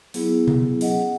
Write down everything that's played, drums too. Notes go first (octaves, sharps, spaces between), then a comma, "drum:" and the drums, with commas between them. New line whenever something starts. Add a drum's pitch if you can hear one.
F#3 B3 E4 G#4, drum: open hi-hat
drum: tom B2
F#3 C#4 G#4 D#5 F#5, drum: open hi-hat